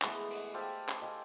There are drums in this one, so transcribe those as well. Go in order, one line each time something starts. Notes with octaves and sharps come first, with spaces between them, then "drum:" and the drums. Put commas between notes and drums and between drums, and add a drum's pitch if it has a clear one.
E3 G#3 A3 B3, drum: clap
drum: open hi-hat
G4 A4 C5 F5
drum: clap
D#5 F5 G5 G#5